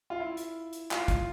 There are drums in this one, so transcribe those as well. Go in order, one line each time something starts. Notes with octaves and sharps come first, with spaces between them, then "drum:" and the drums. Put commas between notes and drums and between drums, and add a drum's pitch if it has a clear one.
F4
E4
drum: hi-hat
drum: hi-hat
F4, drum: clap
drum: kick, hi-hat